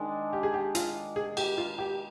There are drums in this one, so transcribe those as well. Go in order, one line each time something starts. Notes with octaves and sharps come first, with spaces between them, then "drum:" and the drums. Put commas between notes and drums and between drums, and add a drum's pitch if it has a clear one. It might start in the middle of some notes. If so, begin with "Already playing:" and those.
Already playing: D#3 G#3 D4
G4
G#4
G4
F4, drum: hi-hat
G#4
G4, drum: cymbal
F4
G4